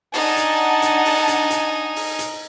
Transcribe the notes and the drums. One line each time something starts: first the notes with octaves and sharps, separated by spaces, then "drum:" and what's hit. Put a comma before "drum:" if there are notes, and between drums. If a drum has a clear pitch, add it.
D4 D#4 F#5 G#5 A5, drum: open hi-hat
drum: hi-hat
drum: hi-hat
drum: open hi-hat
drum: hi-hat
drum: hi-hat
drum: open hi-hat
drum: hi-hat